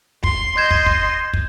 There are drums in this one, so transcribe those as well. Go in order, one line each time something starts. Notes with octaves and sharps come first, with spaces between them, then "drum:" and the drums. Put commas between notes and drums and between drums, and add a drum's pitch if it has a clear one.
C6, drum: kick
D#5 C6 G6 G#6 E7
drum: kick
drum: kick
drum: kick